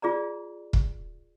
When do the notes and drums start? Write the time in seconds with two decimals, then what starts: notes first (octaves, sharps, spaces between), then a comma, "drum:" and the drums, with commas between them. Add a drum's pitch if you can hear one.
0.02 F4 G#4 D5 A#5
0.73 drum: kick